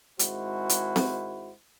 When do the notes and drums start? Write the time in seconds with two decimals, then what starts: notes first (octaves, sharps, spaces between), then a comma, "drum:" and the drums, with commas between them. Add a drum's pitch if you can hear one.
0.19 G#1 G#3 E4 F#4 C5, drum: hi-hat
0.69 drum: hi-hat
0.96 drum: snare C4